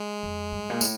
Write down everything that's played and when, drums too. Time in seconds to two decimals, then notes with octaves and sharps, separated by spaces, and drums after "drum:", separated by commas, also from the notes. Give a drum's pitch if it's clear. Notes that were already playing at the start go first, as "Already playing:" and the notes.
Already playing: G#3
0.23 F2
0.52 G2
0.70 A#2
0.81 A2, drum: tambourine